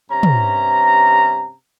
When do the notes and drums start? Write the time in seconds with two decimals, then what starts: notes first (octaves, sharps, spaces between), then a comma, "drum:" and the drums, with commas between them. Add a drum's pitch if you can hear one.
0.11 G2 C3 C#4 A#5
0.23 drum: tom